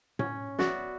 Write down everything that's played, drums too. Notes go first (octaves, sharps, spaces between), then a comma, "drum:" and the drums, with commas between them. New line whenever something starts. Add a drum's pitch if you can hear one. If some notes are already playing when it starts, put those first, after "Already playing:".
C#4, drum: tom A2
B3 F#4 D5 E5, drum: snare